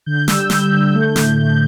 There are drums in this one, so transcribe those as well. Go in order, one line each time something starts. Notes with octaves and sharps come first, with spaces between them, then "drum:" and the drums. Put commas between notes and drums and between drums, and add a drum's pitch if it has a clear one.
D3 G6
G3 E6, drum: snare
G3 G6, drum: snare
D3
A3
A2, drum: snare
A3 G6